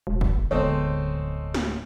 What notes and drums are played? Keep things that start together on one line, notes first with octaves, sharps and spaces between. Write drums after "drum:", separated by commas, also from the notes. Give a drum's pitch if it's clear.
E1
drum: kick
D1 D3 G#3 B3 C4 A4 C#5
drum: snare